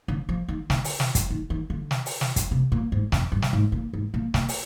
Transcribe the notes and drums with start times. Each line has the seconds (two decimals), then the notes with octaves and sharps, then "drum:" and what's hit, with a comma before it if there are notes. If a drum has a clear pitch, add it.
0.08 D3
0.29 F3
0.48 D#3
0.70 D3, drum: snare
0.84 drum: open hi-hat
1.00 drum: snare
1.15 drum: kick, hi-hat
1.30 D#3
1.50 D#3
1.70 D3
1.91 drum: snare
2.06 drum: open hi-hat
2.21 drum: snare
2.36 drum: kick, hi-hat
2.51 C3
2.72 A#2
2.92 G#2
3.12 F2, drum: snare
3.32 G2
3.42 drum: snare
3.53 G#2
3.72 A#2
3.93 G#2
4.14 A#2
4.34 A#2, drum: snare
4.49 drum: open hi-hat